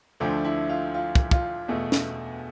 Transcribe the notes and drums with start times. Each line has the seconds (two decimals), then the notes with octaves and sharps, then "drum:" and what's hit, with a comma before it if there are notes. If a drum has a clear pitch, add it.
0.20 D2 D3 F3 A3 D4
0.45 E4
0.69 F4
0.94 F4
1.15 drum: kick
1.31 F4, drum: kick
1.68 E2 B2 A3
1.92 drum: snare